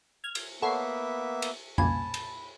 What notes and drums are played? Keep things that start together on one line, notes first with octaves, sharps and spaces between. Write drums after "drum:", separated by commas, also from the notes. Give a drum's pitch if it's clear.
F6 G#6
drum: cymbal
A#3 B3 A4 C#5 E5 F#5 B5 C7
drum: cymbal
B1 A#2 G#5 A5 B5, drum: tom F2
drum: cymbal